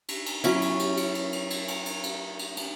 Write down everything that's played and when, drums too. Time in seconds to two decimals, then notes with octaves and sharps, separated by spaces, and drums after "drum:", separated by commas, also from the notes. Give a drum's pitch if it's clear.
0.08 drum: cymbal
0.26 drum: cymbal
0.44 F#3 C#4 E4, drum: cymbal
0.62 drum: cymbal
0.79 drum: cymbal
0.97 drum: cymbal
1.15 drum: cymbal
1.32 drum: cymbal
1.50 drum: cymbal
1.68 drum: cymbal
1.86 drum: cymbal
2.03 drum: cymbal
2.39 drum: cymbal
2.57 drum: cymbal